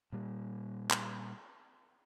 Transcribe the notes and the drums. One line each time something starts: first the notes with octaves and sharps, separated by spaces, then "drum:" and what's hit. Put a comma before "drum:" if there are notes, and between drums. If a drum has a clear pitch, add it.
A#2 G3
drum: clap